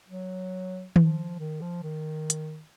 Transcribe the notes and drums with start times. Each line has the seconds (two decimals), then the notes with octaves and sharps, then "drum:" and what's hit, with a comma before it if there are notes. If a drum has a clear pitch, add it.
0.09 F#3
0.96 F3, drum: tom D#3
1.39 D#3
1.61 F3
1.83 D#3
2.30 drum: hi-hat